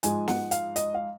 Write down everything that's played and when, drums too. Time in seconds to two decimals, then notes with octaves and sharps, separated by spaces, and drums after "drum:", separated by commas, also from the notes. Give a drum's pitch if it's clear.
0.03 G#2 F3 G#3 G#5, drum: hi-hat
0.28 F#5, drum: snare
0.51 F5, drum: hi-hat
0.76 D#5, drum: hi-hat
0.94 F5